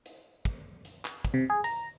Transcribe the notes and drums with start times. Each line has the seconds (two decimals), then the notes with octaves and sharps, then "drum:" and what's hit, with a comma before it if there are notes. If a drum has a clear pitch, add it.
0.06 drum: hi-hat
0.45 drum: kick, hi-hat
0.85 drum: hi-hat
1.05 drum: clap
1.25 drum: kick, hi-hat
1.34 C3
1.50 G#4
1.64 A#5, drum: hi-hat